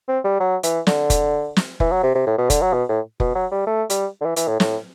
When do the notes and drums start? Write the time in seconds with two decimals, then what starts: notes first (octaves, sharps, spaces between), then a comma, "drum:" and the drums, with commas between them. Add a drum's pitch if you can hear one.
0.08 C4
0.24 G3
0.40 F#3
0.63 E3, drum: hi-hat
0.87 D3, drum: snare
1.10 drum: kick F1, hi-hat
1.56 drum: snare
1.80 E3, drum: kick F1
1.91 F#3
2.03 C3
2.15 C3
2.26 A2
2.38 B2
2.50 D3, drum: kick F1, hi-hat
2.61 F#3
2.73 B2
2.89 A2
3.20 B2, drum: kick F1
3.35 F#3
3.51 G3
3.67 A3
3.90 G3, drum: hi-hat
4.21 D3
4.25 E3
4.36 E3, drum: hi-hat
4.48 A2
4.60 A2, drum: snare